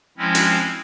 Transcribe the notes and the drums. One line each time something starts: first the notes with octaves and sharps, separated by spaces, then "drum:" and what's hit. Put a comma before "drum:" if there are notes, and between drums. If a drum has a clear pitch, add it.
F3 G#3 C4 C#4 E4
drum: hi-hat